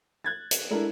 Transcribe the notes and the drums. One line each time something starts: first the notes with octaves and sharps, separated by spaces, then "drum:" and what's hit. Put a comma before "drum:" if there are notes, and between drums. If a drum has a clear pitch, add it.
F#6 G#6 A6
drum: hi-hat
G#3 D4 E4 A4 A#4